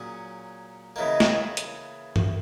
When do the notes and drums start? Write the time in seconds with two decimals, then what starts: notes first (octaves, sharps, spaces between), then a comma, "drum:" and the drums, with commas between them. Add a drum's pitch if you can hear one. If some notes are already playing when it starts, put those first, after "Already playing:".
Already playing: A#2 F#3 C#4 G#4
0.96 C#3 E3 A#3 D#5
1.20 drum: snare
1.57 drum: hi-hat
2.16 drum: tom G2